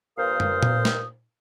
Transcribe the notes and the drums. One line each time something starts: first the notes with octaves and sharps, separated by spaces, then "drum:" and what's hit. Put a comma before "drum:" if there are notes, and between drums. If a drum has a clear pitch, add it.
G2 A#2 A#4 C5 F5 D#6
drum: tom
drum: tom A#2
drum: snare